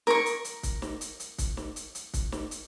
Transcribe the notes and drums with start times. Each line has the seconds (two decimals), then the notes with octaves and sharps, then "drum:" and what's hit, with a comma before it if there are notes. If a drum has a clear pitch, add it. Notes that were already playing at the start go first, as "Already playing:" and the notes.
0.07 A#4 C#6, drum: snare
0.26 drum: hi-hat
0.45 drum: hi-hat
0.63 drum: kick, hi-hat
0.82 drum: snare
1.01 drum: hi-hat
1.20 drum: hi-hat
1.38 drum: kick, hi-hat
1.57 drum: snare
1.76 drum: hi-hat
1.95 drum: hi-hat
2.14 drum: kick, hi-hat
2.32 drum: snare
2.51 drum: hi-hat